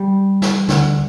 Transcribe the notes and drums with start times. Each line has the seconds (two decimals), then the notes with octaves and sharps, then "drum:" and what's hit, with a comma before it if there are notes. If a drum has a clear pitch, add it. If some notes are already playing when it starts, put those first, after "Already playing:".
Already playing: G3
0.42 drum: snare
0.68 D2 D3, drum: snare